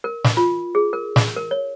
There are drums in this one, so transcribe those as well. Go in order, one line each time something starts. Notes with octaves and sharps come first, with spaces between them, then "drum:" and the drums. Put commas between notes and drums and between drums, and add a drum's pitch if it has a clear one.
A#4
drum: snare
F4
G#4
A#4
drum: snare
A#4
C#5